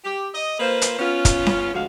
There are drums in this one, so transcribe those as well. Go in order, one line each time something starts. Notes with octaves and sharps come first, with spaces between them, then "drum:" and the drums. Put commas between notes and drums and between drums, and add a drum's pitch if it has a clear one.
G4
D#5
A#3 F4 B4 C5
drum: hi-hat
B3 C#4 F4
drum: kick, hi-hat
drum: snare C#4
D2 G#2 F3 G#3 F#4 F5